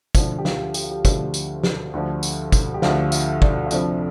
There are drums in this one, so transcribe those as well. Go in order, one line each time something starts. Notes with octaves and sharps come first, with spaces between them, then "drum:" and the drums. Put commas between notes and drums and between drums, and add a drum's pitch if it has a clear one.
D2 D3 F3, drum: kick, tambourine
G4
F4, drum: snare
G4, drum: tambourine
F4
G4
D2 D3 F3, drum: kick, tambourine
drum: tambourine
drum: snare
D2 D3 F3
drum: tambourine
drum: kick, tambourine
G4
D2 D3 F3 F4, drum: snare
F4, drum: tambourine
D4, drum: kick
F4
F1 F2 F3 D4, drum: tambourine